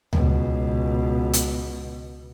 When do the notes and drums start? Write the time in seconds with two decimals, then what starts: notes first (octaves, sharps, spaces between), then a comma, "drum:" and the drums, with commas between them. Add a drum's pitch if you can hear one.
0.13 C#2 B2, drum: tom D2
1.33 drum: hi-hat